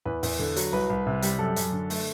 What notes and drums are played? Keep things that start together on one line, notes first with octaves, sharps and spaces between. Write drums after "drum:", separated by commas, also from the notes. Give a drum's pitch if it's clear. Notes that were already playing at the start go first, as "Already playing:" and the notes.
E2 B4
E2, drum: open hi-hat
D3
F#3, drum: hi-hat
C2 B4
C2
C3
G3, drum: hi-hat
F#2 A4
F#2, drum: hi-hat
D3
A3, drum: open hi-hat